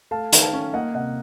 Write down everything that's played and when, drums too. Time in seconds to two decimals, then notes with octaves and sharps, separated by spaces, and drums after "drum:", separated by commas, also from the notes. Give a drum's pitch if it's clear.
0.11 A3 F5 A5
0.32 D#3, drum: hi-hat
0.42 F5 A5
0.53 C#4
0.74 A#3 D#5 F#5
0.94 C3 D#5 F#5